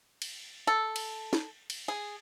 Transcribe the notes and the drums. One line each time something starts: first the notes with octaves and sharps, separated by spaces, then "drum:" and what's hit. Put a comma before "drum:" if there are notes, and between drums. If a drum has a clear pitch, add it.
drum: cymbal
A4
drum: cymbal
drum: snare
drum: cymbal
G#4